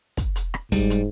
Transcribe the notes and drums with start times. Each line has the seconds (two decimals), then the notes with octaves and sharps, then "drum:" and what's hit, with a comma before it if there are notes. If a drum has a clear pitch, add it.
0.17 drum: kick, hi-hat
0.36 drum: hi-hat
0.54 drum: rim click
0.72 G#2 G3, drum: kick, open hi-hat
0.90 drum: hi-hat